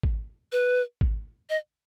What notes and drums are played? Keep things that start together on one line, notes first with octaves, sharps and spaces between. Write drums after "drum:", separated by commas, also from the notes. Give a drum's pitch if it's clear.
drum: kick G#1
B4
drum: kick G#1
D#5